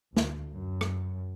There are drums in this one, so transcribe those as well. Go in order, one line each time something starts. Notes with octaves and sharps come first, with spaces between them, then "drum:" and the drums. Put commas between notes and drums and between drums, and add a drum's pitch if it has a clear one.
D2, drum: snare
F#2
drum: rim click